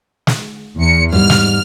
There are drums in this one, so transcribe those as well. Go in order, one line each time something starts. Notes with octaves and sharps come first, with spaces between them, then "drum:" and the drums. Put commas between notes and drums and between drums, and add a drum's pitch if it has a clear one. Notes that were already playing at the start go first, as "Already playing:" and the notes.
drum: snare
E2 C#7
G#2 G3 F6
drum: snare